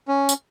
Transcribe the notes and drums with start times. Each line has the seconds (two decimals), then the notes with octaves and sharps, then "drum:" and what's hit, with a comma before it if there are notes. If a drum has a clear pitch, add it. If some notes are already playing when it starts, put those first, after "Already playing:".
0.08 C#4
0.29 drum: tambourine